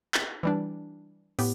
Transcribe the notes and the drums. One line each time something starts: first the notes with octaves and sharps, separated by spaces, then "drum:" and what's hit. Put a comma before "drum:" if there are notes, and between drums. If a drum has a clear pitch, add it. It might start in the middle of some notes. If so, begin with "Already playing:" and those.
drum: clap
E3 G3 D4
A2 B3 G4, drum: open hi-hat